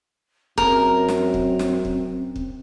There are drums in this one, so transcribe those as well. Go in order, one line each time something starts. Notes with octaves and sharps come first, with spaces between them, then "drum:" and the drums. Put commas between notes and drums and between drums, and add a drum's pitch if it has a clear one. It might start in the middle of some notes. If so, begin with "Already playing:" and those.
F#2 C4 A#4, drum: kick
drum: snare
drum: kick
drum: snare
drum: kick
drum: kick